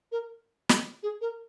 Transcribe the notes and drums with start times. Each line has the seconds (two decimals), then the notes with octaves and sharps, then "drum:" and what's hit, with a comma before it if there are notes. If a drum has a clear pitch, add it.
0.12 A#4
0.69 drum: snare
1.03 G#4
1.21 A#4